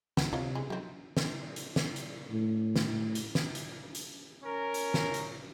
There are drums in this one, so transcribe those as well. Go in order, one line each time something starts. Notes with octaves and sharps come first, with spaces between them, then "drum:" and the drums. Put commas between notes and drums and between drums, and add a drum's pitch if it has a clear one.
C#2 F#4, drum: snare
C3 F4 C#5 D#5
G#3
D#3 F#3 C4
drum: snare
drum: hi-hat
drum: snare
drum: hi-hat
A2
drum: snare
A2
drum: hi-hat
drum: snare
drum: hi-hat
drum: hi-hat
C#4 A#4
drum: hi-hat
drum: snare
drum: hi-hat